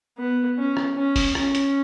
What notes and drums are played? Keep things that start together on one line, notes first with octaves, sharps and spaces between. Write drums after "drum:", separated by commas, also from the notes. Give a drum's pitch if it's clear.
B3
C#4
drum: rim click
C#4
drum: kick F1, open hi-hat
C#4, drum: rim click
drum: hi-hat